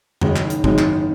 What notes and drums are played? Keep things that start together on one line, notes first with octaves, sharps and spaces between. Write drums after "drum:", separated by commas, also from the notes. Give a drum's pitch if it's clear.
F#1 F#2 D#3 G#3 D#4, drum: tom F2
drum: clap
drum: hi-hat
F#1 F#2 D#3 G#3 D#4, drum: kick
drum: clap